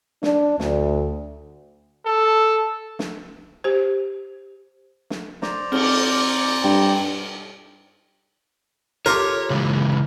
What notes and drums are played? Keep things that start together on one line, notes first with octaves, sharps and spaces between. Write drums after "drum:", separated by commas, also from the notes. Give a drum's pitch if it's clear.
D4, drum: snare
D2, drum: snare
A4
drum: snare
G4 C5
drum: snare
C5 D5 A#5, drum: snare
C4 D6, drum: cymbal
G2 G5
F4 G4 A4 A#4 C#5
C#3 E3 G#3